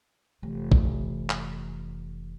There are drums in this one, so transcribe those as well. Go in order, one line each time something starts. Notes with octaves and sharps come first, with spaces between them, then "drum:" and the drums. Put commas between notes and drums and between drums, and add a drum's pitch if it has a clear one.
F1 E3
drum: kick
drum: clap